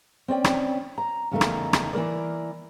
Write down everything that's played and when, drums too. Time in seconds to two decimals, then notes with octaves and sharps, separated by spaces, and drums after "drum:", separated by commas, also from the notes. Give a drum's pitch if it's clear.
0.28 C4 C#4 D5 G5
0.44 drum: rim click
0.98 A#5
1.31 E2 C#3 A3 D#4 A#4
1.41 drum: rim click
1.73 drum: rim click
1.93 E3 A#3 A#4 D5